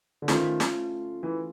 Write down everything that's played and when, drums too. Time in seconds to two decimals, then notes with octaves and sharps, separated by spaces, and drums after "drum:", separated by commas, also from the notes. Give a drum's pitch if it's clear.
0.22 D3
0.28 D#3 A3 C#4 F4 A4 C5, drum: snare
0.60 drum: snare
1.23 E3